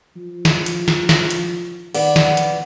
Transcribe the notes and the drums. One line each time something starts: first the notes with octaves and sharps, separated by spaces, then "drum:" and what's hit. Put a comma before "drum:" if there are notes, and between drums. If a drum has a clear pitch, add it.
F3
drum: snare
drum: hi-hat
drum: snare
drum: snare
drum: hi-hat
D#3 B3 D5, drum: open hi-hat
drum: snare
drum: hi-hat